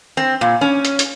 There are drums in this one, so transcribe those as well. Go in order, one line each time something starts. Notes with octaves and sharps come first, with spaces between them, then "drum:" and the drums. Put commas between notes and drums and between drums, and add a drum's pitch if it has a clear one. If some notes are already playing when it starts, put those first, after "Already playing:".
C4
A#2
C#4
drum: hi-hat
drum: hi-hat